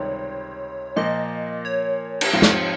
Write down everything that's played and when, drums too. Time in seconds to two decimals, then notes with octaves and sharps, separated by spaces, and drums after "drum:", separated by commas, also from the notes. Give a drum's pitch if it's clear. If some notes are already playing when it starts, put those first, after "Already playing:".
Already playing: C#2 C3 D#3 G3 C4 C#5
0.96 A#2 F3 A#3 D#5
1.65 C#5
2.21 drum: cymbal
2.33 G#2 F3 C4 F4
2.42 drum: snare